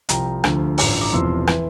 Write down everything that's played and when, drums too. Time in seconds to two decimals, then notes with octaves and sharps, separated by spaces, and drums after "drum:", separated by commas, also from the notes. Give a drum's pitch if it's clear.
0.09 C2 C3 F3 G5 A#5, drum: hi-hat
0.44 D2 D3 F3, drum: rim click
0.78 A1 G2 F3 A#5 D6, drum: open hi-hat
1.01 A#5 D6
1.12 E1 E2 C3 F3 C6 E6
1.47 E3, drum: rim click